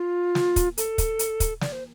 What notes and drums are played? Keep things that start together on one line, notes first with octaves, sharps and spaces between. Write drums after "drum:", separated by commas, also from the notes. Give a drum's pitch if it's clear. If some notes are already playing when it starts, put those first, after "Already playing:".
Already playing: F4
drum: snare
drum: kick, hi-hat
A4, drum: hi-hat
drum: kick, hi-hat
drum: hi-hat
drum: kick, hi-hat
D5, drum: snare
C5